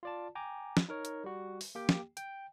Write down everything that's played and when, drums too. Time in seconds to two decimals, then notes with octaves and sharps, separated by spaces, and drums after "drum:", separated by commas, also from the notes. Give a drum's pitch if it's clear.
0.03 F4 D5 A5
0.35 G5 G#5 A#5 D6
0.77 drum: snare
0.89 D#4 A#4 C#5
1.05 drum: hi-hat
1.24 G3 F#4
1.61 drum: open hi-hat
1.75 A#3 G4 G5
1.89 drum: snare
2.17 G5, drum: hi-hat